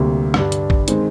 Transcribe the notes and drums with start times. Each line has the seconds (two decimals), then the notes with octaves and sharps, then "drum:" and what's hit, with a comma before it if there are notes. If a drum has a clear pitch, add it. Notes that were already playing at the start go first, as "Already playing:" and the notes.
Already playing: D2 C3 G3 A#3
0.34 G2 D3 G3 D4, drum: rim click
0.52 drum: hi-hat
0.70 drum: kick A1
0.88 D#3 G#3 C4, drum: hi-hat